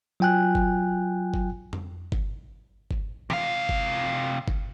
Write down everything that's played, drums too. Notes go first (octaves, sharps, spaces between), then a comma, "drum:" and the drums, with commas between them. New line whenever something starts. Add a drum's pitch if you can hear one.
F#3 F4 G5 G#5 F#6
drum: kick G1
drum: kick G1
drum: tom F2
drum: kick G1
drum: kick G1
C3 F5, drum: tom E3
drum: kick G1
drum: kick G1